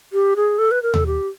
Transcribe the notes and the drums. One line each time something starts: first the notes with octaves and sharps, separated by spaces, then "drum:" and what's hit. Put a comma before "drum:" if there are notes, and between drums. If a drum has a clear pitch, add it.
G4
G#4
A4
B4
A#4
A4, drum: tom D#2
G4